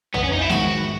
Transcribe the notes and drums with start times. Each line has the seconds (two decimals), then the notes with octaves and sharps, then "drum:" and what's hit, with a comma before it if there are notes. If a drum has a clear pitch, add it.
0.14 B3, drum: tom
0.23 C#4
0.32 D#4
0.41 E4
0.49 G#2 D#3 G#3 F#4, drum: snare